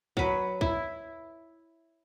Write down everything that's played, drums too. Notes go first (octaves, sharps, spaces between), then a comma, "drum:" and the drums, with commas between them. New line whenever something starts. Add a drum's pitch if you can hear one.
F#3 B4, drum: kick
E4, drum: kick